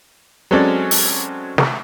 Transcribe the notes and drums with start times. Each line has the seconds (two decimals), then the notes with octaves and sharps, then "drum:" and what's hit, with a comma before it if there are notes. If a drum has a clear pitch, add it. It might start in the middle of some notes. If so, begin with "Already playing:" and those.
0.51 F#3 G#3 C4 C#4 A4 D5
0.91 drum: open hi-hat
1.58 drum: snare